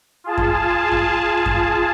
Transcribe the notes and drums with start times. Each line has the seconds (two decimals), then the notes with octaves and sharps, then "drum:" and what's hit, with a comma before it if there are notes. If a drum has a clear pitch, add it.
0.24 F4 G#4 A5
0.38 drum: kick F#2
0.92 drum: kick F#2
1.46 drum: kick F#2